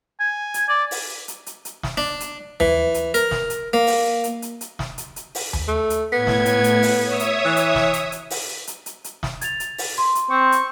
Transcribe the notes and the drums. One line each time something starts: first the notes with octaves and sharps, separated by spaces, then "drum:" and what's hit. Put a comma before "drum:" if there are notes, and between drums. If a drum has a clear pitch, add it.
G#5
drum: hi-hat
D5
drum: open hi-hat
drum: hi-hat
drum: hi-hat
drum: hi-hat
drum: snare
D4
drum: hi-hat
E3, drum: tom D#2
drum: hi-hat
A#4, drum: hi-hat
drum: snare
drum: hi-hat
A#3
drum: open hi-hat
drum: hi-hat
drum: hi-hat
drum: hi-hat
drum: snare
drum: hi-hat
drum: hi-hat
drum: open hi-hat
drum: tom D#2
A3
drum: hi-hat
A2 B3 G#6
drum: snare
drum: hi-hat
drum: hi-hat
drum: open hi-hat
C#5 E5 D#6
drum: hi-hat
E3
drum: hi-hat
drum: snare
drum: hi-hat
drum: hi-hat
drum: open hi-hat
drum: hi-hat
drum: hi-hat
drum: hi-hat
drum: snare
G#6 A6 F7, drum: hi-hat
drum: hi-hat
drum: open hi-hat
C6
drum: hi-hat
C4 C#6
drum: hi-hat